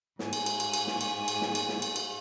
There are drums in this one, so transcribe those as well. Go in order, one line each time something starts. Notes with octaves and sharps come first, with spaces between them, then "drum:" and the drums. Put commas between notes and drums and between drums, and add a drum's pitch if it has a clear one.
G#2 G#5, drum: snare
drum: cymbal
drum: cymbal
drum: cymbal
drum: cymbal
drum: snare
drum: cymbal
drum: cymbal
drum: snare
drum: cymbal
drum: snare
drum: cymbal
drum: cymbal